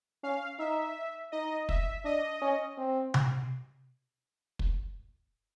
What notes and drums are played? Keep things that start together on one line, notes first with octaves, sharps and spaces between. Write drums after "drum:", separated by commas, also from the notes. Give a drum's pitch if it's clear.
C#4 F5
D#4 E5
D#4 D#5
E5, drum: kick
D4 D#5
C#4
C4
drum: tom C3
drum: kick